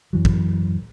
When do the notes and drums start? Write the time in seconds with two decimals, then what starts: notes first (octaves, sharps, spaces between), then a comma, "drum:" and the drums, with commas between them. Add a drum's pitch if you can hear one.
0.13 F#2 E3 F#3
0.25 drum: kick